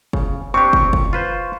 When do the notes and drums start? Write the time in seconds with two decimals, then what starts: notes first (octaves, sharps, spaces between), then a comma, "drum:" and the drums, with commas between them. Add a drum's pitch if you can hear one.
0.13 C#3, drum: kick
0.54 C4 D4 G4 C#6
0.73 drum: kick
0.93 drum: kick
1.13 F4 B4 C5